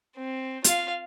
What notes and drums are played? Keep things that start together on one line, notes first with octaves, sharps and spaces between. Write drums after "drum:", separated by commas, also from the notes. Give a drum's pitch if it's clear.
C4
F4 F5, drum: hi-hat